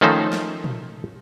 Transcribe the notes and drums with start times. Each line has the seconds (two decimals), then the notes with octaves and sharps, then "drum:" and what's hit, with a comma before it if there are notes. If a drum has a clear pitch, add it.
0.01 D#3 F3 A3 C#4 D#4 C5
0.33 drum: snare
0.64 drum: tom